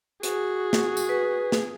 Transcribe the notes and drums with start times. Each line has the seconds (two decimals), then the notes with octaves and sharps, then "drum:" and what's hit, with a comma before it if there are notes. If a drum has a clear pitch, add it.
0.23 F#4 G#4, drum: hi-hat
0.73 drum: snare
0.97 drum: tambourine
1.09 B4
1.52 drum: snare